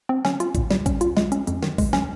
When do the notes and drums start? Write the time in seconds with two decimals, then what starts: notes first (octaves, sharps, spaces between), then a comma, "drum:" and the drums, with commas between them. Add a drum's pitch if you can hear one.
0.09 C4
0.25 C#4, drum: snare
0.40 F4, drum: hi-hat
0.55 A#2, drum: kick, hi-hat
0.70 G3, drum: snare
0.86 C#4, drum: kick, hi-hat
1.01 F4, drum: hi-hat
1.17 G#3, drum: snare
1.32 C#4, drum: hi-hat
1.47 F2, drum: hi-hat
1.62 D#3, drum: snare
1.78 G#3, drum: kick, open hi-hat
1.93 C#4, drum: snare